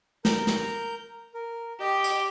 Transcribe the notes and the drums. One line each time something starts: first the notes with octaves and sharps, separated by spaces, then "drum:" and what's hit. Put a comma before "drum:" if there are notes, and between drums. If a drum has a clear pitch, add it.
A#4 A#5 G6, drum: snare
drum: snare
A#4
G4 D#5 G6
drum: cymbal